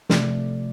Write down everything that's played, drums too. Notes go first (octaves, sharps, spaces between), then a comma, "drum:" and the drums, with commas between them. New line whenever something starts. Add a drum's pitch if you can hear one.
C3 F3 A3 D5, drum: snare